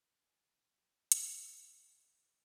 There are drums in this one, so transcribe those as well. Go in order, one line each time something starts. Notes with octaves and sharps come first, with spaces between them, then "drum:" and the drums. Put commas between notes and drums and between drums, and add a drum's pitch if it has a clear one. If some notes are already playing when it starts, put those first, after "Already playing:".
Already playing: D#3 B3 G5
D#3 B3 G#5
D3 F3 B3
D3 F3 B3 G5
G5
B2 G3 B3 G5, drum: hi-hat
B2 G3 B3 G5
C3 G3 B3
C3 G3 B3 F5